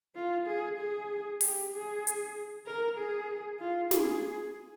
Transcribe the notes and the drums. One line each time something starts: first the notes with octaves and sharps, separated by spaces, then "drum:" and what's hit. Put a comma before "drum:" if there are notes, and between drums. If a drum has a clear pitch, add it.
F4
G#4
G#4
G4, drum: open hi-hat
G#4
drum: hi-hat
A#4
G#4
F4
G#4, drum: snare